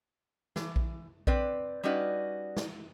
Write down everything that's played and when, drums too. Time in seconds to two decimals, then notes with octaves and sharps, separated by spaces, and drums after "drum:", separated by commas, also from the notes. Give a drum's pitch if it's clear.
0.56 E3, drum: snare
0.76 drum: kick A#1
1.27 C4 B4 D5, drum: kick A#1
1.83 G3 C#4 D#4 F#4 B4 D5
2.56 drum: snare